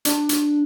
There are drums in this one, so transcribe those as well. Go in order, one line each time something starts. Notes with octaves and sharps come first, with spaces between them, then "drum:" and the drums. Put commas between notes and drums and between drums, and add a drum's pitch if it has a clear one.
D4, drum: hi-hat
drum: hi-hat